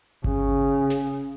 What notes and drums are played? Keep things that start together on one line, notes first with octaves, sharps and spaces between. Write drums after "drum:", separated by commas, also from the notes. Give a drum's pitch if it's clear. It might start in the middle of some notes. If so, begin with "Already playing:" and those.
C#3, drum: kick G1
drum: snare